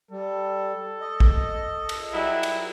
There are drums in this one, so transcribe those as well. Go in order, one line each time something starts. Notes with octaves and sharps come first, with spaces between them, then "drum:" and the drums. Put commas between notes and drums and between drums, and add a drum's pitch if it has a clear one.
G3 A4
D#5
drum: kick A1
drum: cymbal
F#3 G3 E4
drum: cymbal